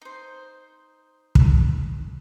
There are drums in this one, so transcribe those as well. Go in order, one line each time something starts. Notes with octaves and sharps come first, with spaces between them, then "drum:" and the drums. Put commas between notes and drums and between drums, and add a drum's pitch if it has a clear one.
D#4 C5
drum: kick